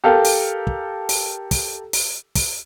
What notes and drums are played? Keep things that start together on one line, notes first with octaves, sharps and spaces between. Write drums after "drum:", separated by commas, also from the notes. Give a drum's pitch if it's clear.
G4 A4 A#4 F5
drum: open hi-hat
drum: kick
drum: open hi-hat
drum: kick, open hi-hat
drum: open hi-hat
drum: kick, open hi-hat